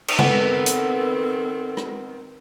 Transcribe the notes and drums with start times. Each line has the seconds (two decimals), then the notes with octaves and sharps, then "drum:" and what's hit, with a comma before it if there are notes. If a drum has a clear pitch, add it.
0.08 drum: cymbal
0.19 D#3 B3 C4 A4, drum: tom C#3
0.66 drum: hi-hat
1.77 drum: rim click